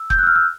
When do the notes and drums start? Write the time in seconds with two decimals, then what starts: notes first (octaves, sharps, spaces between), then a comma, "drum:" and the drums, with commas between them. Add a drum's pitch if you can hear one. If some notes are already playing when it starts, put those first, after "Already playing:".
Already playing: E6
0.10 G6, drum: kick F1
0.19 F#6
0.23 E6
0.27 F6
0.36 E6